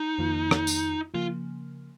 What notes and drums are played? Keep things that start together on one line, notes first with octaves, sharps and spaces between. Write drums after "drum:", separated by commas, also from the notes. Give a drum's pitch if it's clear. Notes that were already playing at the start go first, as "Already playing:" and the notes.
Already playing: D#4
F2 D#3 A#3 F4
drum: rim click
drum: tambourine
C#3 F3 A#3 F4